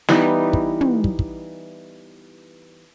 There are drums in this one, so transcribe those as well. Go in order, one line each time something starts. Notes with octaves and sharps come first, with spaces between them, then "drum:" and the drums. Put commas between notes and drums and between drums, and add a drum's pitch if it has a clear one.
E3 G3 B3 D#4, drum: snare
drum: kick
drum: tom
drum: kick
drum: kick